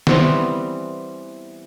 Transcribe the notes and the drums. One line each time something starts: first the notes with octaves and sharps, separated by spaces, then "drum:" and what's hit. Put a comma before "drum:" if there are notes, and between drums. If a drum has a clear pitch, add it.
E3 G3 B3 C4, drum: snare